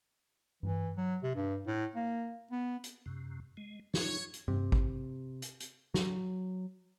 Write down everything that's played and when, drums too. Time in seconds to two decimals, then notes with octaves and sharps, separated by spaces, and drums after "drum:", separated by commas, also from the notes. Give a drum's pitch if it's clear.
0.63 E3, drum: tom G2
0.97 F#3
1.23 C3
1.35 G2
1.67 A2
1.95 A#3
2.51 B3
2.84 drum: hi-hat
3.06 F#2 C3
3.57 G#3
3.94 D#4 F4 C#5, drum: snare
4.34 drum: hi-hat
4.48 C3, drum: tom G2
4.72 drum: kick G#1
5.42 drum: hi-hat
5.60 drum: hi-hat
5.94 F#3, drum: snare